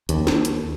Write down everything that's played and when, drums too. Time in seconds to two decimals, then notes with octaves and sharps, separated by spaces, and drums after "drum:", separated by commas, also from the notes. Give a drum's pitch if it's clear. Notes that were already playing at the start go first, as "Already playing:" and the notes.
0.09 D#2, drum: hi-hat
0.27 drum: snare
0.45 drum: hi-hat